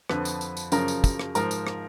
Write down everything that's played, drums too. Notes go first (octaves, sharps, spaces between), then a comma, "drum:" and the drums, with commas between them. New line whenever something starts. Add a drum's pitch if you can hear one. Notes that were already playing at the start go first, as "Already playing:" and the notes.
F2 D3 F3 B4 B5, drum: rim click
drum: tambourine
drum: tambourine
drum: tambourine
F#2 C#3 F3 A#4 A#5, drum: tambourine
drum: tambourine
drum: kick, tambourine
drum: rim click
G#2 F3 A#4 A#5, drum: tambourine
drum: tambourine
drum: rim click